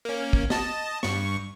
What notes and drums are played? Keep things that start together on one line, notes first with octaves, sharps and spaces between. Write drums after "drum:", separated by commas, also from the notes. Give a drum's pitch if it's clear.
A#3 C#4
drum: kick
D#5 A5, drum: snare
G2 C#6, drum: snare